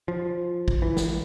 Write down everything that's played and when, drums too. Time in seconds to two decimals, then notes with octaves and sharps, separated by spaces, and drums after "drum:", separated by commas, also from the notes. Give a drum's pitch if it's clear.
0.08 F3
0.68 drum: kick
0.82 E3
0.97 drum: snare